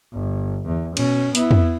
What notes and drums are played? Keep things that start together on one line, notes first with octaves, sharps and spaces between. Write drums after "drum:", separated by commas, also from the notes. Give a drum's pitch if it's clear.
G1
E2
B2 C#4, drum: cymbal
B3 E4, drum: hi-hat
drum: tom